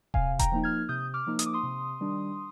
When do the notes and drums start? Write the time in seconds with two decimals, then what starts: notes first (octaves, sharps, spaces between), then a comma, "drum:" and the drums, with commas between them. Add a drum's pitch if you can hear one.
0.14 C3 F5 G#5, drum: kick D#1
0.39 G5 A#5, drum: kick D#1, hi-hat
0.52 F3 A#3 D#4
0.64 F6 G#6
0.89 C3 D#6 G6
1.14 D6 F6
1.27 F3 A#3 D#4
1.39 D#6, drum: hi-hat
1.46 D6
1.53 C6 D#6
1.63 C3
2.01 D#3 G3 D4